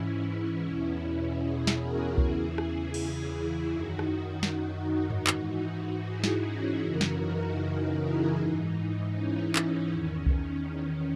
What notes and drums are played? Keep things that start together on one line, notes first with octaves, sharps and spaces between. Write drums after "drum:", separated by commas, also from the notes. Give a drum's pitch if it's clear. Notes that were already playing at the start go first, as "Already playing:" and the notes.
Already playing: G#2 E3 C#4 E4
E2 B2
E4 G#4
drum: snare
F#4 A#4
E2 C#3 E3 E4 G#4, drum: kick C2
drum: rim click
drum: cymbal
F#2 D#3 D#4 F#4
drum: rim click
drum: snare
drum: tom G2
G#2 E3, drum: clap
E4 G#4
drum: snare
C#4 E4
F#2 C#3 E3 F#4 A#4
drum: snare
D#4
E4 G#4
G#2 E3 D#4
C#4 E4
drum: clap
E2 D#3 C#4
drum: kick C2